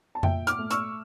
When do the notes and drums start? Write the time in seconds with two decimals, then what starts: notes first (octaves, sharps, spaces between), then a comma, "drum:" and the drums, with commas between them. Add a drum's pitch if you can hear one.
0.15 A5
0.23 A#2 E5 G5, drum: tom F2
0.47 D6 F6, drum: hi-hat
0.59 A3
0.71 C#6 E6, drum: hi-hat